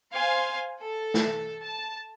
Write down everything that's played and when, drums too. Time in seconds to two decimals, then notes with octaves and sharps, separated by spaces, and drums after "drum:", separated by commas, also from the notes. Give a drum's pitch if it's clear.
0.13 C5 F5 G#5 C6
0.79 A4
1.14 drum: snare
1.60 A5